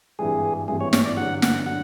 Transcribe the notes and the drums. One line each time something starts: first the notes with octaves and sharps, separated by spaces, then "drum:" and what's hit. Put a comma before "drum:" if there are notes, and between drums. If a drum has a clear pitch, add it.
G#1 G2 E3 G3 G#4
G#1 G2 E3 G3 G#4
C#5
C#5, drum: snare
D5
G2 D3 F#3 F#5
F#5, drum: snare
D3 F#3 F#5